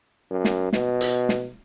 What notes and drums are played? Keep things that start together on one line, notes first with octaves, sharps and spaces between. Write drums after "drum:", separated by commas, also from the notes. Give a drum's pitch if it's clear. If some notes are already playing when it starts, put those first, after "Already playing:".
F#2
drum: snare
B2, drum: snare
drum: hi-hat
drum: snare